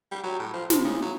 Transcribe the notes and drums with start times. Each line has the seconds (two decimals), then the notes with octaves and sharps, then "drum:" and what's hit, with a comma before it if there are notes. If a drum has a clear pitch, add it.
0.11 G3
0.23 F#3
0.39 A2
0.53 F3
0.70 C3, drum: snare
0.84 C#3
1.02 F#3